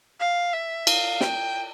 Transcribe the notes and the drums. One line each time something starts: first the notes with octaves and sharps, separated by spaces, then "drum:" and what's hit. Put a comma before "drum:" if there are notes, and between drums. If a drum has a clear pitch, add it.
F5
E5
F5, drum: cymbal
G5, drum: snare